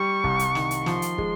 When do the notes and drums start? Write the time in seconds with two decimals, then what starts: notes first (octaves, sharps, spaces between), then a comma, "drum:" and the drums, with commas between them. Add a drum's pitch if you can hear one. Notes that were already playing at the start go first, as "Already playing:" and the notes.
Already playing: G3 C#6
0.24 C2, drum: kick
0.39 drum: hi-hat
0.55 D#3, drum: snare
0.71 drum: hi-hat
0.86 F3 C6, drum: snare
1.02 drum: hi-hat
1.18 G#3, drum: kick